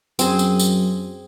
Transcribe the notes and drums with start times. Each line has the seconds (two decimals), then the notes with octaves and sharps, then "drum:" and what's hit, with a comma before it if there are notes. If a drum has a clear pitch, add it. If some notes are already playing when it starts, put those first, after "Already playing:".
0.19 F#2 C4 G#4, drum: tambourine
0.39 drum: tambourine
0.59 drum: tambourine